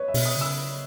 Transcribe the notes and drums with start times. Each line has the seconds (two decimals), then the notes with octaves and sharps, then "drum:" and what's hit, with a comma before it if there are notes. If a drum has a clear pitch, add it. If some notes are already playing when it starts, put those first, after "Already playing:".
Already playing: B4 C#5 D#5
0.08 E5
0.14 B2, drum: open hi-hat
0.26 D#6
0.37 C#3 E6